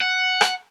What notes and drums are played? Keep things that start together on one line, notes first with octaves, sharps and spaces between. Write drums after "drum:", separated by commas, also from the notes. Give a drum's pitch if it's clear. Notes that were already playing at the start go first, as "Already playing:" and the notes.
F#5
drum: rim click